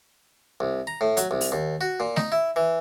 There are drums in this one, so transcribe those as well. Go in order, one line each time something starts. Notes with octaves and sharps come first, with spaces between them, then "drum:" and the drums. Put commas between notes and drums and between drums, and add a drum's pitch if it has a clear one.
C2
A#5
A2
F#3, drum: hi-hat
C2
drum: open hi-hat
D#2
F#4
A#2
D#4, drum: snare A3
E4
E3